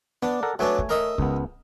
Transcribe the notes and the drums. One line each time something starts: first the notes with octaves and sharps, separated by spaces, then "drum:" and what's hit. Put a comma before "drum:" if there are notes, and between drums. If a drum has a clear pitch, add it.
B3 D4
A4 A#4 F#5
F#3 A3 B3 D4 C#5 G#5
drum: kick
A#4 D#5 E5
C#2 B3, drum: kick